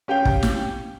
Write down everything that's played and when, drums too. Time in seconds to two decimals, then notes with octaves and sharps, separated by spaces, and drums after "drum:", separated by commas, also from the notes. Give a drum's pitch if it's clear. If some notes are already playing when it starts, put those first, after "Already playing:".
0.08 C#4 G4 F5 G5
0.25 drum: kick
0.43 drum: snare